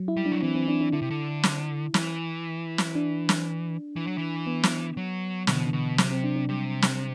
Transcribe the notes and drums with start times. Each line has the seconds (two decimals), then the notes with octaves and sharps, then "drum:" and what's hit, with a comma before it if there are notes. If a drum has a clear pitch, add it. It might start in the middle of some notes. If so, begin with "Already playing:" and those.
Already playing: F#3
0.08 E4
0.17 G3
0.26 D4
0.32 F#3
0.42 E3 C4
0.55 C4
0.68 D4
0.81 D4
0.92 D3 E4
1.02 C3
1.10 D3
1.43 drum: snare
1.94 E3 E4, drum: snare
2.78 drum: snare
2.95 D4
3.29 drum: snare
3.96 E3
4.07 F#3
4.18 E3
4.47 B3
4.63 drum: snare
4.97 F#3
5.47 B2 D3, drum: snare
5.56 E3
5.65 D3
5.73 B2
5.98 C3 F#3, drum: snare
6.11 C4
6.24 D4
6.36 D4
6.49 C3 G3
6.82 drum: snare